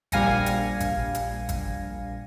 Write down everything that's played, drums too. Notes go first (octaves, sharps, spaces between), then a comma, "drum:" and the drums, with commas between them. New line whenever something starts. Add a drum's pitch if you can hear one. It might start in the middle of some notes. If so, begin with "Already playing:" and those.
A#1 G3 F5 G#5 A#6 C#7, drum: kick, hi-hat
drum: hi-hat
drum: kick, hi-hat
drum: hi-hat
drum: kick, hi-hat